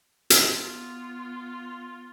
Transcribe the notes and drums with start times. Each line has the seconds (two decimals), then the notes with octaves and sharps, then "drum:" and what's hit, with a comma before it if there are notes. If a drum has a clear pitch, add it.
0.30 drum: hi-hat
0.47 B3 F4